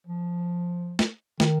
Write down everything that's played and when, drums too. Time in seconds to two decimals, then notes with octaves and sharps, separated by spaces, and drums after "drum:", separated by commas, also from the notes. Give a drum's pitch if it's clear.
0.07 F3
0.99 drum: snare
1.40 D#3, drum: snare